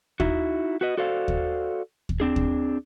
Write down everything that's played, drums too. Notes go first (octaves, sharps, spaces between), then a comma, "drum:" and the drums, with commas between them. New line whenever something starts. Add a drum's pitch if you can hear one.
D#4 E4 F#4, drum: kick D#2
F#4 B4 D#5
F#4 A4 C5 D5 F5
drum: kick D#2
drum: kick D#2
C4 D4 G#4
drum: kick D#2